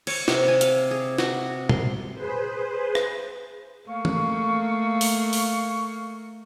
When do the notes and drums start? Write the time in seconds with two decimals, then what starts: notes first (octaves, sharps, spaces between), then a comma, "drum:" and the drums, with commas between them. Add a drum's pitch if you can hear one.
0.07 C#5, drum: cymbal
0.28 C3, drum: snare
0.48 G#5
0.61 F5, drum: hi-hat
0.91 G#4
1.18 F#4, drum: snare
1.69 C6, drum: tom A#2
2.13 G#4 B4 C5
2.95 drum: rim click
3.89 A3 A#3 F5 C#6
4.05 drum: tom E3
5.01 drum: open hi-hat
5.33 drum: open hi-hat